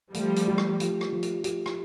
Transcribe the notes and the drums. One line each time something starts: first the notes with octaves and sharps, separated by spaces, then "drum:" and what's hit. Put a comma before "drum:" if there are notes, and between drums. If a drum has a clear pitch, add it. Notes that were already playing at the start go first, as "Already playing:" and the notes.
F3 G3 A3, drum: hi-hat
drum: hi-hat
G4
drum: rim click
F3, drum: hi-hat
drum: rim click
F3
drum: hi-hat
G4, drum: hi-hat
drum: rim click